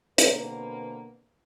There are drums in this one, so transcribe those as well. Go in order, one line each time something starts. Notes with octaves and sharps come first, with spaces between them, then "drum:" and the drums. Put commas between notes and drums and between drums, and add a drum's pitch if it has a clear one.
B2 D3 A#3 C4 B4, drum: hi-hat